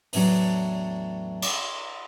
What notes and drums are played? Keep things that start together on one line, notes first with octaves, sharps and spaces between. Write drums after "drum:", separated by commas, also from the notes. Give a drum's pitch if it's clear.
E2 A2 E3 F#3 D4, drum: open hi-hat
drum: cymbal